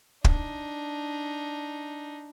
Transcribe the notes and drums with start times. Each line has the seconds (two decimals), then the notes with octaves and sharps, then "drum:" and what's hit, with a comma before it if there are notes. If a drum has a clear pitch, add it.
0.24 D4 D#4, drum: kick